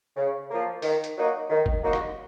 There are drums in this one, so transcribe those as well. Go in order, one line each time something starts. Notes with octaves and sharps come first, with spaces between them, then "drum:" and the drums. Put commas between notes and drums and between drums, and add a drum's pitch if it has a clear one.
C#3
F3 A#3
D#3, drum: open hi-hat
drum: hi-hat
F#3 A#3 D#4 F#4
D#3
drum: kick
F#3 A#3 D#4 F#4
drum: rim click